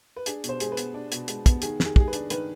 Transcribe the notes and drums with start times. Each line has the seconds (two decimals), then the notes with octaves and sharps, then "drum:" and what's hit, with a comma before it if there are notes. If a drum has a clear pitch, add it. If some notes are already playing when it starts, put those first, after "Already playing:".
0.16 B4
0.26 D4 G#4, drum: hi-hat
0.44 B2 C5, drum: hi-hat
0.60 G#3 G#4, drum: hi-hat
0.72 B4
0.77 B3, drum: hi-hat
0.94 D4
1.12 B2, drum: hi-hat
1.28 G#3, drum: hi-hat
1.46 B3, drum: kick, hi-hat
1.62 D#3 G#4, drum: hi-hat
1.80 D#3, drum: snare
1.85 G#4
1.96 G#3 G#4, drum: kick
2.08 B4
2.13 D4, drum: hi-hat
2.30 D#3 B4, drum: hi-hat